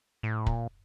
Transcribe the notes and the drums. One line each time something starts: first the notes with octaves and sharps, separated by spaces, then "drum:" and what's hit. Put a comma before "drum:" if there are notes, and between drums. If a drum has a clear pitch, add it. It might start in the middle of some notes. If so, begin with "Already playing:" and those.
A2
A#2, drum: kick